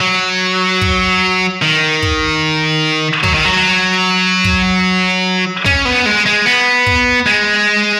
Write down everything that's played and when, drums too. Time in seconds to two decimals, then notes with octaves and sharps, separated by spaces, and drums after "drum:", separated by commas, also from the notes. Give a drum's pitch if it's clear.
0.01 F#3
0.81 drum: kick
1.62 D#3
2.02 drum: kick
3.23 F#3, drum: kick
3.34 D#3
3.45 F#3
4.44 drum: kick
5.66 C#4, drum: kick
5.85 B3
6.06 G#3
6.26 G#3
6.46 B3
6.86 drum: kick
7.26 G#3